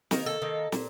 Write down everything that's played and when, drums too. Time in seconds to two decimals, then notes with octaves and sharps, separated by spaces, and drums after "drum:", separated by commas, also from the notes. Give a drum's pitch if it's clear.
0.11 D#3 A#3 A#4, drum: snare
0.26 A4
0.42 D#3 A#3
0.72 A#2, drum: snare